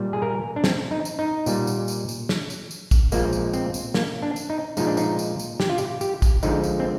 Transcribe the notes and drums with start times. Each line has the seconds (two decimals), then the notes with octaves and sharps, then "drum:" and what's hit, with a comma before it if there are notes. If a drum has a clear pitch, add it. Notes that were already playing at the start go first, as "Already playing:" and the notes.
Already playing: A#2 G3
0.13 G#4
0.22 A#4
0.56 D4
0.64 C4, drum: snare
0.91 D#4
1.05 drum: tambourine
1.19 D#4
1.46 A#2 G3, drum: tambourine
1.67 drum: tambourine
1.88 drum: tambourine
2.09 drum: tambourine
2.29 drum: snare
2.50 drum: tambourine
2.71 drum: tambourine
2.91 drum: kick, tambourine
3.12 A#2 F3 G#3 A#3, drum: tambourine
3.33 drum: tambourine
3.53 C4, drum: tambourine
3.74 drum: tambourine
3.94 A#3, drum: snare
4.22 D4
4.36 drum: tambourine
4.50 D#4
4.77 A#2 F3 G#3 D#4, drum: tambourine
4.87 D4
4.97 D#4, drum: tambourine
5.19 drum: tambourine
5.39 drum: tambourine
5.60 G4, drum: snare
5.70 F4
5.78 G4, drum: tambourine
6.01 G4, drum: tambourine
6.22 drum: kick, tambourine
6.43 D3 F3 G#3 D#4, drum: tambourine
6.64 drum: tambourine
6.80 C4